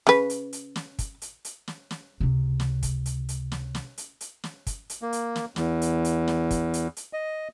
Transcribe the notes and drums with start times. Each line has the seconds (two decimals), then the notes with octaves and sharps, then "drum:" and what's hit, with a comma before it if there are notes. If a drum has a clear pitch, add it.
0.07 C#3 B4, drum: snare
0.30 drum: hi-hat
0.53 drum: hi-hat
0.76 drum: snare
0.99 drum: kick, hi-hat
1.22 drum: hi-hat
1.45 drum: hi-hat
1.68 drum: snare
1.91 drum: snare
2.20 C#2 C3
2.60 drum: snare
2.83 drum: kick, hi-hat
3.06 drum: hi-hat
3.29 drum: hi-hat
3.52 drum: snare
3.75 drum: snare
3.98 drum: hi-hat
4.21 drum: hi-hat
4.44 drum: snare
4.67 drum: kick, hi-hat
4.90 drum: hi-hat
5.02 A#3
5.13 drum: hi-hat
5.36 drum: snare
5.56 E2, drum: snare
5.82 drum: hi-hat
6.05 drum: hi-hat
6.28 drum: snare
6.51 drum: kick, hi-hat
6.74 drum: hi-hat
6.97 drum: hi-hat
7.13 D#5